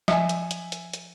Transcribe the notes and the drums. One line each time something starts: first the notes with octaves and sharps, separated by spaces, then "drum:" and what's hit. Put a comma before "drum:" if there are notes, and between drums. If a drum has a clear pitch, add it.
F3 D#5 E5 G#5, drum: snare
drum: hi-hat
drum: hi-hat
drum: hi-hat
drum: hi-hat